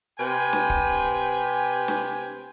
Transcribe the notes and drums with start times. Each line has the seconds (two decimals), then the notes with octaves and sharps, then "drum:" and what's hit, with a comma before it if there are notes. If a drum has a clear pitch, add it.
0.19 C3 B4 G5 G#5
0.53 drum: snare
0.70 drum: kick
1.88 drum: snare